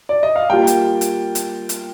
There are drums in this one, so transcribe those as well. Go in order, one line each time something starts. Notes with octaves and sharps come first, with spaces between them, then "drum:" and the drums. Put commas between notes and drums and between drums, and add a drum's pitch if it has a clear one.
D5
D#5
F5
G3 A#3 F4 G5
drum: hi-hat
drum: hi-hat
drum: hi-hat
drum: hi-hat